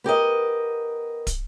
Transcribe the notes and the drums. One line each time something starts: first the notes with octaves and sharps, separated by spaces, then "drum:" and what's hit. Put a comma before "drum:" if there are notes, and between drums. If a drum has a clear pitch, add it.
B3 G4 A#4 D#5
drum: kick, hi-hat